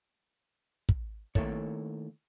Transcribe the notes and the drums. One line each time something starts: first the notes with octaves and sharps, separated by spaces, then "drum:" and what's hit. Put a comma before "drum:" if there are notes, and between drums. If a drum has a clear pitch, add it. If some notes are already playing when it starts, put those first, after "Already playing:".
drum: kick
D#3 A3 A#3 E4 A4 C#5, drum: kick